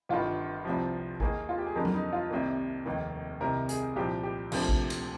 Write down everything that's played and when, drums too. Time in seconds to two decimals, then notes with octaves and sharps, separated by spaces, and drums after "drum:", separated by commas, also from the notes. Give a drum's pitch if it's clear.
0.09 G1 G2 D#3 F4
0.65 C2 C3 F3
1.20 D#2 D#3 A#3 G#4, drum: kick A1
1.49 F4
1.58 G4
1.67 G#4
1.76 F2 D3 G3 A#3 A#4
1.85 drum: tom F#3
1.94 D#4
2.13 F4
2.30 C2 C3 D#3 A#3
2.86 F1 D#2 D#3 A#3
3.40 C2 C3 D#3 A#4
3.69 G#4, drum: hi-hat
3.96 C2 A#2 F3 G4
4.23 G4
4.52 D2 C3 F3 A#3, drum: cymbal
4.69 drum: kick A1
4.90 drum: cymbal